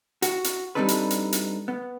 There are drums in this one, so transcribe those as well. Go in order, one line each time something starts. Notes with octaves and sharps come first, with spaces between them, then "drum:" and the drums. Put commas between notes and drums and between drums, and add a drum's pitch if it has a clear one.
F#4, drum: hi-hat
drum: hi-hat
G3 C4 D4 D#4 A4 B4
drum: hi-hat
drum: hi-hat
drum: hi-hat
B3